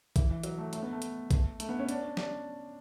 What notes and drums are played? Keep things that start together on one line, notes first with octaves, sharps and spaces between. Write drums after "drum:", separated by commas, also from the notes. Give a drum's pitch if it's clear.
E3, drum: kick, hi-hat
E3
F#3, drum: hi-hat
A3
A3, drum: hi-hat
B3
A3
drum: hi-hat
drum: kick, hi-hat
A3, drum: hi-hat
B3
C#4
D4, drum: hi-hat
C#4
D4, drum: snare